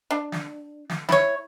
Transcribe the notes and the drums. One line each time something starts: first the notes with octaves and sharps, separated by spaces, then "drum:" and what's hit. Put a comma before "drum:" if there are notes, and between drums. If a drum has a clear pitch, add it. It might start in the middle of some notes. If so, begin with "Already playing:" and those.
D4
drum: snare
drum: snare
E4 C#5, drum: snare